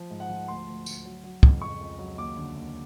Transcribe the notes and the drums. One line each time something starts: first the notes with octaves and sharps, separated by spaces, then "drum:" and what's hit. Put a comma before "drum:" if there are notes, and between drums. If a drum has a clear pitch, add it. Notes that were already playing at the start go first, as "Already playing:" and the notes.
Already playing: F3
G#2
F#5
F3
D2 C6
D2
D2, drum: tambourine
F#3
F#3
F2, drum: kick
C#2 C#6
C#2
F#3
D#2 D6
D3
D#2